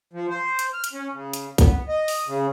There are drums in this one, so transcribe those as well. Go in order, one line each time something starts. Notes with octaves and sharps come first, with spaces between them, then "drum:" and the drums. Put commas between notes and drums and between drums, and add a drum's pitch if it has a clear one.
F3
C5
drum: hi-hat
F6
drum: hi-hat
C#4
C#3
drum: hi-hat
B3, drum: kick, hi-hat
D#5
drum: open hi-hat
C#3